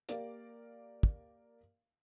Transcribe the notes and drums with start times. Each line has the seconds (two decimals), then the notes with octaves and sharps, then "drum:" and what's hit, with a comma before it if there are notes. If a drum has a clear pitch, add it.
0.09 A#3 G4 A#4 D5 F5, drum: hi-hat
1.03 drum: kick